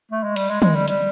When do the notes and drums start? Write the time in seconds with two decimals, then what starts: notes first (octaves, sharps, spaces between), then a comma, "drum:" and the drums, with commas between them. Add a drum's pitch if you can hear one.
0.11 A3
0.23 G#3
0.36 G3, drum: cymbal
0.50 G#3
0.62 G#3, drum: tom
0.75 G3
0.88 G3, drum: hi-hat